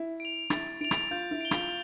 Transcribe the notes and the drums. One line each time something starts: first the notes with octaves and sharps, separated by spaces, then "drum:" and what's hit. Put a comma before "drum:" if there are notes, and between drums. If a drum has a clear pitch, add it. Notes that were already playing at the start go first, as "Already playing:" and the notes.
Already playing: E4
D7 F7
E4 A6, drum: rim click
E4 D7 F7
drum: rim click
F4 G6
E4
D7 G7
F4, drum: rim click